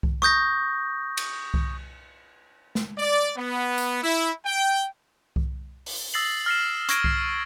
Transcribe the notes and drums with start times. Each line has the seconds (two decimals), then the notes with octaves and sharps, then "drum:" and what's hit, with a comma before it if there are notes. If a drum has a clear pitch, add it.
0.03 drum: kick C2
0.22 C#6 D#6 G6 A#6, drum: rim click
1.17 drum: cymbal
1.54 drum: kick C2
2.75 drum: snare
2.98 D5
3.37 B3
3.78 drum: tambourine
4.03 E4
4.46 G5
5.36 drum: kick C2
5.86 drum: open hi-hat
6.14 D#6 E6 A6 A#6 C7 F#7
6.46 F6 A#6 C7 E7
6.89 C#6 G#6 A#6 D7, drum: hi-hat
7.04 C7, drum: kick C2